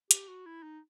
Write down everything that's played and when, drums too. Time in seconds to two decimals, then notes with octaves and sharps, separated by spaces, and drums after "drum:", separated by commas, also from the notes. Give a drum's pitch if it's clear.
0.11 G4, drum: hi-hat
0.28 F#4
0.46 E4
0.63 D#4